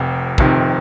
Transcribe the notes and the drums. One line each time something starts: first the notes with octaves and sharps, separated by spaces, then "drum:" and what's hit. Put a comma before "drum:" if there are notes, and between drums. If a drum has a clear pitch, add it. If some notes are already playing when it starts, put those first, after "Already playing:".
Already playing: F1 F2 C3
F1 F2 C3 D#3, drum: kick